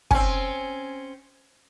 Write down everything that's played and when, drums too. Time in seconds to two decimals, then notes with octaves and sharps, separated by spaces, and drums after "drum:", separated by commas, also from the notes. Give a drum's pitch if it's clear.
0.11 C4 C#4 G#5, drum: kick